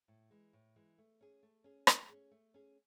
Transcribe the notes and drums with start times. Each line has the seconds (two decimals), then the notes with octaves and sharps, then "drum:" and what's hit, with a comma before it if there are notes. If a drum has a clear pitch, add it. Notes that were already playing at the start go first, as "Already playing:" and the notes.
0.08 A2
0.31 E3 G#3
0.53 A2
0.76 E3 G#3
0.98 A3
1.21 C#4 G#4
1.43 A3
1.64 C#4 G#4
1.87 A3, drum: rim click
2.09 C#4 G#4
2.31 A3
2.54 C#4 G#4